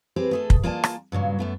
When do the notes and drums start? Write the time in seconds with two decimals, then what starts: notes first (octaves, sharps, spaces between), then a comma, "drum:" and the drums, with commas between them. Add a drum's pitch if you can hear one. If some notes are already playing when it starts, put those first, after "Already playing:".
0.16 C4 G4 G#4 B4
0.31 A3 G#4 A4
0.50 drum: kick
0.63 A#3 F4 D5 G#5 A5
0.84 drum: rim click
1.12 G2 A#2 C#3 F#3
1.39 F#2 A3 B3